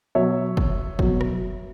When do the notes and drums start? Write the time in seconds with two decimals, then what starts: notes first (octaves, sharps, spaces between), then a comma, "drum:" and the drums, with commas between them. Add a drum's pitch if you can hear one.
0.15 B2 F#3 C#5 E5
0.57 drum: kick
0.99 B2 F#3, drum: kick
1.21 drum: rim click